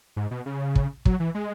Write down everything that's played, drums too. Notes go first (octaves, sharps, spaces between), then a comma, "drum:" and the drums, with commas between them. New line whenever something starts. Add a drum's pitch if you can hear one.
G#2
B2
C#3
drum: kick
F#3, drum: kick
E3
G#3